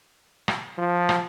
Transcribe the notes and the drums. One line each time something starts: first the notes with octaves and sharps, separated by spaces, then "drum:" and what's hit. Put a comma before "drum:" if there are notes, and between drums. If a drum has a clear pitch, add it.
drum: rim click
F3
drum: rim click